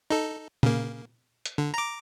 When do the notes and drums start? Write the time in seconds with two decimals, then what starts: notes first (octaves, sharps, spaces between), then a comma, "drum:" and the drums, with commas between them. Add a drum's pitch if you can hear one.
0.10 D#4 A4
0.63 C#3 A#3, drum: tom
1.46 drum: hi-hat
1.58 D3
1.74 A#5 D6